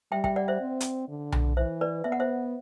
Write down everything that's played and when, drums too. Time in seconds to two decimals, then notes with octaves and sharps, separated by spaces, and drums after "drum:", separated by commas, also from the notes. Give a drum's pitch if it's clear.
0.12 G3 E5 G5
0.24 E5 G5, drum: kick
0.36 D5 F#5
0.48 C5 E5
0.61 C4
0.80 drum: hi-hat
1.09 D3
1.32 drum: tom B1
1.56 E3 C5 E5
1.81 B4 D5
2.04 B3 E5
2.12 F#5
2.20 C5 E5